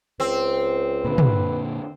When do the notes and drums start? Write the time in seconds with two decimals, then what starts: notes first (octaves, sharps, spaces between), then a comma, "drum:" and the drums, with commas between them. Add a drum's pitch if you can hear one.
0.20 C#2 C4
1.05 A#2 D3 B4
1.18 drum: tom